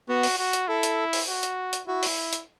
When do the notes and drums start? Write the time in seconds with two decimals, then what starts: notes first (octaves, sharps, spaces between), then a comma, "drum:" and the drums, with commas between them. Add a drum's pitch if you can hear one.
0.09 B3 F#4
0.23 drum: open hi-hat
0.38 F#4
0.53 drum: hi-hat
0.68 E4 A4
0.83 drum: hi-hat
1.13 drum: open hi-hat
1.28 F#4
1.43 drum: hi-hat
1.73 drum: hi-hat
1.87 E4 F#4
2.03 drum: open hi-hat
2.33 drum: hi-hat